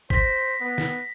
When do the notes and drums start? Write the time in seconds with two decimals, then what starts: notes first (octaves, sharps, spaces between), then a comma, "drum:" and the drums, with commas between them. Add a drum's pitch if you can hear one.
0.10 C5 A#6 B6, drum: kick G#1
0.61 B3
0.78 drum: snare